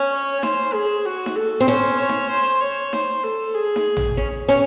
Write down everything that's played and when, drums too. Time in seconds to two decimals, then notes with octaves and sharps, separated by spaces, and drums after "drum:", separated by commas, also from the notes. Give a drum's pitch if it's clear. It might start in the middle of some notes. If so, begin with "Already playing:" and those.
Already playing: C#4
0.11 C#5
0.43 C5, drum: snare D#4
0.74 G#4
1.06 F#4
1.26 drum: snare D#4
1.36 A4
1.60 C4
1.68 C#4 C5
1.98 C#5
2.09 drum: snare D#4
2.31 C5
2.61 C#5
2.93 C5, drum: snare D#4
3.23 A4
3.55 G#4
3.76 drum: snare D#4
3.97 drum: tom
4.17 C#4
4.49 C#4